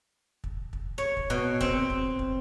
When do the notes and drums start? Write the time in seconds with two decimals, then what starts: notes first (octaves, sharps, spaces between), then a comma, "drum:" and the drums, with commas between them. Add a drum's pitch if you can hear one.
0.44 drum: kick
0.73 drum: kick
0.98 C#5
1.17 drum: kick
1.30 B2
1.61 C4, drum: kick
1.90 drum: kick
2.19 drum: kick